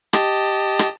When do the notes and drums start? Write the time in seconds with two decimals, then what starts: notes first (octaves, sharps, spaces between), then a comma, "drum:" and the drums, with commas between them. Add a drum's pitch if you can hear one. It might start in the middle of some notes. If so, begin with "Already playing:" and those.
0.13 G4 D#5 A5, drum: rim click
0.79 drum: rim click